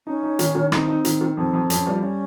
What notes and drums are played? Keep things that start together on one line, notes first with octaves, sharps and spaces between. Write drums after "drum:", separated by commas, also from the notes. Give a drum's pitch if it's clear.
C#4 D#4
D#4
D#3, drum: hi-hat
D#3
C4 D#4, drum: rim click
D#4
D#3, drum: hi-hat
D#3
F2 C4
F2
F2 C#4, drum: hi-hat
C#4
G3 F4
C#4